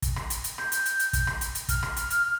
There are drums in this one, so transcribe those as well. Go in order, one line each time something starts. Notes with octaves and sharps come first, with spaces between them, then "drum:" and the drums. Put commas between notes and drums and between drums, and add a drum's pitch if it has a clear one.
drum: kick, hi-hat
drum: rim click
drum: hi-hat
drum: hi-hat
G6, drum: rim click
drum: hi-hat
drum: hi-hat
drum: hi-hat
drum: kick, hi-hat
drum: rim click
drum: hi-hat
drum: hi-hat
F6, drum: kick, hi-hat
drum: rim click
drum: hi-hat
drum: hi-hat